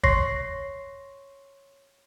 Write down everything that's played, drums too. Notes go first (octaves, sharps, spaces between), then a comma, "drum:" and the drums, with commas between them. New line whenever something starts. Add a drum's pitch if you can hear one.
C#5 C6 C#6 A#6 C7, drum: kick